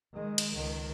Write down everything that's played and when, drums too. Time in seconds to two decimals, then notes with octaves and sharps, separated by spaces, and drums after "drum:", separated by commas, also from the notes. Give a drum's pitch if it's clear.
0.14 D#3 G#3
0.38 drum: cymbal
0.54 C#2 D#3